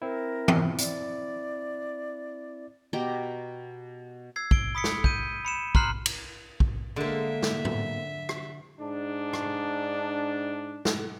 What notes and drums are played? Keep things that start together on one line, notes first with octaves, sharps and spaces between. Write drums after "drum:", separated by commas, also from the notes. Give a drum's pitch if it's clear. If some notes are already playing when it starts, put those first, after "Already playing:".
C4 E4 A#4
drum: tom E3
D5, drum: hi-hat
B2 G4 G5 A#5
E6 G#6 C7
D7 G7, drum: kick
B5 D#6 B6 C#7
drum: snare
G6 D#7, drum: kick
B5 C#7 E7
A#5 C6 F6 F#6 C7 F#7, drum: kick
drum: cymbal
drum: kick
D3 G#3 A#3 E5
drum: snare
drum: tom A2
drum: rim click
G#2 D4
drum: rim click
drum: snare